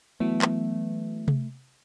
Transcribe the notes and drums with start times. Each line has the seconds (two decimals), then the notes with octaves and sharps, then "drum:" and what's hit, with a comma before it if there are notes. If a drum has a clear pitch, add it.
0.20 E3 F#3 A3 B3
0.42 drum: clap
1.28 drum: tom C3